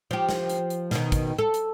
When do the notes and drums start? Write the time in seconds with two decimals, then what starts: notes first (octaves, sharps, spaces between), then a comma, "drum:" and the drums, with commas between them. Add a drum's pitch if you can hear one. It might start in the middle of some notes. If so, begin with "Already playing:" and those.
0.11 F3 G4
0.29 drum: snare
0.49 drum: hi-hat
0.70 drum: hi-hat
0.91 B2 D#3, drum: snare
1.12 drum: kick, hi-hat
1.39 A4
1.54 drum: hi-hat